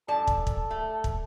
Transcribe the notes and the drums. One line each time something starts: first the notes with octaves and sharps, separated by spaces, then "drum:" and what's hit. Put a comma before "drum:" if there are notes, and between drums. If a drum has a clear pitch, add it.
F#2 A4 D5 A5
drum: kick
drum: kick
A3
drum: kick